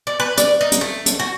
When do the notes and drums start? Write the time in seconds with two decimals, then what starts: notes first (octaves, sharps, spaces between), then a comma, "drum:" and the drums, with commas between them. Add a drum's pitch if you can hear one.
0.07 D5
0.20 B4
0.37 D5, drum: hi-hat
0.61 D#4
0.72 drum: hi-hat
0.81 A3
1.06 drum: hi-hat
1.19 F#4